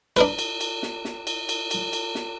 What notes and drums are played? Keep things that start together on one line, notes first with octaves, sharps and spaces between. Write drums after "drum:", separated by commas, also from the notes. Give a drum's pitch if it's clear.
D4 A#4 B4, drum: cymbal
drum: cymbal
drum: cymbal
drum: snare
drum: snare
drum: cymbal
drum: cymbal
drum: cymbal
drum: cymbal
drum: snare